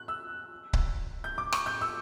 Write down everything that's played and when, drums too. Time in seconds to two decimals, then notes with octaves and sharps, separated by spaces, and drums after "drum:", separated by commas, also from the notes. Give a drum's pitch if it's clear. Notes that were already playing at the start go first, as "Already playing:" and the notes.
Already playing: F#6
0.08 E6
0.73 drum: kick C#1
1.24 G6
1.38 D6
1.53 C#6, drum: rim click
1.66 G6
1.81 E6